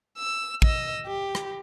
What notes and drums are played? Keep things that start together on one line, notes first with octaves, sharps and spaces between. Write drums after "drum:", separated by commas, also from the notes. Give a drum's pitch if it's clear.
E6
D#5 E6, drum: kick
G4
drum: rim click